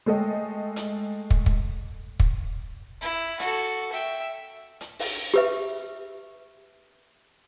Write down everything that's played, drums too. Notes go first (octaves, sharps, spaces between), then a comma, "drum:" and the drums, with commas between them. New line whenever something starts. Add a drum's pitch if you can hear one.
G#3 A3 A4 D#5 G5
drum: hi-hat
drum: kick
drum: kick
drum: kick
E4
F#4 A4, drum: hi-hat
E5 G5
drum: hi-hat
drum: open hi-hat
G4 B4 E5